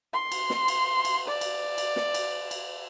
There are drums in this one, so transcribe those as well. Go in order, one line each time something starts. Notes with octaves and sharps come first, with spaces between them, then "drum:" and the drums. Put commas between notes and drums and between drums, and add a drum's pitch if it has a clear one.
C6
drum: cymbal
drum: snare
drum: cymbal
drum: cymbal
D5
drum: cymbal
drum: cymbal
drum: snare
drum: cymbal
drum: cymbal